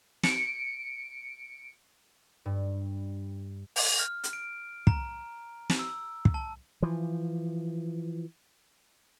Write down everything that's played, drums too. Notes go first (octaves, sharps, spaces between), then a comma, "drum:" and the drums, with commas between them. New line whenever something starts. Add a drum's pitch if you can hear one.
C#7 D7, drum: snare
G2
drum: open hi-hat
F6
drum: hi-hat
D7
A#5, drum: kick
drum: snare
E6
drum: kick
A5
E3 F3